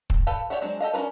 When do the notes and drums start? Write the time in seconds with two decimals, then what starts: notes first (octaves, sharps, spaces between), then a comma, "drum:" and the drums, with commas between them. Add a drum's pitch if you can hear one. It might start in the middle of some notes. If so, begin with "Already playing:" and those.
0.10 C4, drum: kick
0.27 G4 A4 B4 F5 G5
0.50 G4 C#5 D5 E5 F#5
0.61 F#3 G#3 C4 D4
0.80 G4 A4 D#5 F5
0.93 C#4 D4 F4 A#4 B4